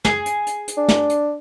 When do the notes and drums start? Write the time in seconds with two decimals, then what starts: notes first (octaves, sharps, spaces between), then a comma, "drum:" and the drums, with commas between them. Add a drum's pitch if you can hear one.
0.05 G#4, drum: snare
0.26 drum: hi-hat
0.47 drum: hi-hat
0.68 drum: hi-hat
0.77 D4
0.88 drum: snare
1.09 drum: hi-hat